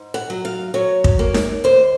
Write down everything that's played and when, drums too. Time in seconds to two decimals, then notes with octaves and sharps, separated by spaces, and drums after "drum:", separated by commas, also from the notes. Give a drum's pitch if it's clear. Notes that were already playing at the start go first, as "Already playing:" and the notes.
Already playing: G#2
0.14 F#5
0.30 F#3
0.45 F5
0.74 F#3 C#5
1.04 drum: kick
1.19 A#3
1.34 drum: snare D#4
1.64 D#2 C5